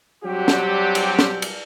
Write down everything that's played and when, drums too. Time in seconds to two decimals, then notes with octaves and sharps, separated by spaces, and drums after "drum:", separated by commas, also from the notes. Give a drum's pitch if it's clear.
0.24 F#3 G3 C4 D4 F#4 G4
0.48 drum: snare
0.95 drum: cymbal
1.19 drum: snare
1.42 drum: cymbal